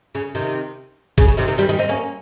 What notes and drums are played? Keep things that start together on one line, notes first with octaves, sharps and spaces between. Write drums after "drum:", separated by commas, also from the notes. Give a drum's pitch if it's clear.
C#3
C3 D#3
C#3, drum: kick
C#3
C3 D#3
C3 D#3
D#3 G3
D#3 G3
C4 D#4
A#3 C#4